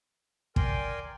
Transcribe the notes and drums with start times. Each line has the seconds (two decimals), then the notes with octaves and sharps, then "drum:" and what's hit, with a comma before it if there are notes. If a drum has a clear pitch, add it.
0.56 A#4 D5 G5 G#5 C6, drum: kick